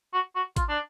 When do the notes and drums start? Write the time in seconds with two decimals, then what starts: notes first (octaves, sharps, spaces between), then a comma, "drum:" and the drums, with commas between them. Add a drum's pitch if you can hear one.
0.13 F#4
0.35 F#4
0.56 F4, drum: kick A1, hi-hat
0.69 D4